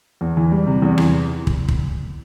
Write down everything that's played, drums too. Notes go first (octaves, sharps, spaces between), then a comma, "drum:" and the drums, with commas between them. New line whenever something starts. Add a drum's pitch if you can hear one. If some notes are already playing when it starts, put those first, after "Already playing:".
E2
E3
G3
C3
E2
E3, drum: rim click
drum: kick
drum: kick